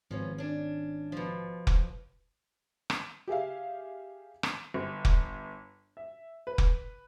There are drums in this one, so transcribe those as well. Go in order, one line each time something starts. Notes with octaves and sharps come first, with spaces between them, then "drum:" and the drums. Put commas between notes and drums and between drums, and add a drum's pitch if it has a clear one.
G#1 F3 B3 C#4
C#4 D4
B2 F3
drum: kick F1
drum: rim click
G4 G#4 E5 F5
drum: rim click
G1
drum: kick F1
E5
B4
drum: kick F1